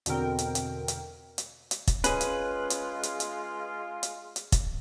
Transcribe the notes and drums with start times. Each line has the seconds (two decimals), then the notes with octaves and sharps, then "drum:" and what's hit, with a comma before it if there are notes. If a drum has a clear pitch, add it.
0.06 E2 B2 D3 C4 A#4 G5, drum: hi-hat
0.39 drum: hi-hat
0.55 drum: hi-hat
0.88 drum: hi-hat
1.38 drum: hi-hat
1.71 drum: hi-hat
1.87 drum: kick, hi-hat
2.04 G#3 C#4 F4 G#4 B4, drum: hi-hat
2.21 drum: hi-hat
2.70 drum: hi-hat
3.03 drum: hi-hat
3.20 drum: hi-hat
4.03 drum: hi-hat
4.36 drum: hi-hat
4.52 drum: kick, hi-hat